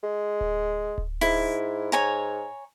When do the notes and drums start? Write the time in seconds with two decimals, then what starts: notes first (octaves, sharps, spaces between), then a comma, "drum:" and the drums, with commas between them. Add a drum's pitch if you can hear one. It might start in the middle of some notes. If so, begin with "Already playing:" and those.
0.03 G#3
0.41 drum: kick D1
0.98 drum: kick D1
1.21 G#2 E4, drum: open hi-hat
1.92 G#2 C#5 G#5 A#5